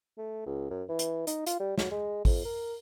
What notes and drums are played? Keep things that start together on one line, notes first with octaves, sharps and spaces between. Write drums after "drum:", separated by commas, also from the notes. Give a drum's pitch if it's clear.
A3
C#2
F#2
E3
drum: hi-hat
D#4, drum: hi-hat
F4, drum: hi-hat
G3
F#3, drum: snare
G#3
F2, drum: kick, open hi-hat
A#4